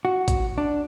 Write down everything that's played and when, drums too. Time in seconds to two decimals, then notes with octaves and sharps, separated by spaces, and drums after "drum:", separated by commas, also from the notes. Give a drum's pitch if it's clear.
0.05 F#4
0.28 drum: kick, hi-hat
0.58 D4